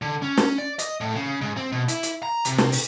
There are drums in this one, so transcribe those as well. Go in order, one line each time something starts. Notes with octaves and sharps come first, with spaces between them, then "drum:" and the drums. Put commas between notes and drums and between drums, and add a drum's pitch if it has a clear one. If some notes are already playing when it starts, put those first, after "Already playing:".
D3
C#4
drum: snare
D5
D#5, drum: hi-hat
A2
C#3
G#2
C4
B2
E4, drum: hi-hat
drum: hi-hat
A#5
C3, drum: hi-hat
drum: snare
drum: open hi-hat